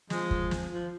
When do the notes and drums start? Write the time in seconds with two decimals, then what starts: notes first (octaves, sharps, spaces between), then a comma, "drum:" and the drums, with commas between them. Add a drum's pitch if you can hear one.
0.10 F3 G#3, drum: snare
0.31 drum: kick
0.51 drum: snare
0.71 F3